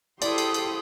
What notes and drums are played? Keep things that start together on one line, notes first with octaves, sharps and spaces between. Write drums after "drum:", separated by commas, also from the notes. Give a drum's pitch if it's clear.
E4 G4 A4 C5 D5 C6 D#6, drum: cymbal
drum: cymbal
drum: cymbal